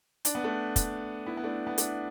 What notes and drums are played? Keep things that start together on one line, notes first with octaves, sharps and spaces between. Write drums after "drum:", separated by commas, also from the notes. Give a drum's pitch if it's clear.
D4, drum: hi-hat
B3
A3 D4
drum: kick, hi-hat
B3 E4
B3
A3 D4
B3
A3 D4, drum: hi-hat